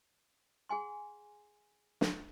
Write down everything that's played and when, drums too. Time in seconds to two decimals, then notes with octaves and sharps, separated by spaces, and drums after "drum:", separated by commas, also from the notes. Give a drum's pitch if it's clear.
0.69 G#4 F#5 G#5 C6
2.01 drum: snare